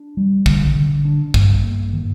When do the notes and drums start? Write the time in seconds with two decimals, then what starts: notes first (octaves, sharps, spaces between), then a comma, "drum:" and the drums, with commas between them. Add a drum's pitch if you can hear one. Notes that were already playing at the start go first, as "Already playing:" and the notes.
Already playing: D4
0.17 G3
0.46 D3, drum: kick
0.75 D3
1.05 D4
1.34 G2, drum: kick
1.63 A#3
1.93 D#3